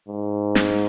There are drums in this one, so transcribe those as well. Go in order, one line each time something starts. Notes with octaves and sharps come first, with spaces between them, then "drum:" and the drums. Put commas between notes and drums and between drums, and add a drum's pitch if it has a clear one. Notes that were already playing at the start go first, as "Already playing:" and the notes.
G#2
drum: snare